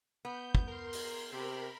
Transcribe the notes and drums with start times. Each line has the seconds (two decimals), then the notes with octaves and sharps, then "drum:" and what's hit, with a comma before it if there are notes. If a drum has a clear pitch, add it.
0.25 B3 G6
0.55 drum: kick
0.68 A#4 C6
0.93 drum: open hi-hat
1.31 C3 A#4 B5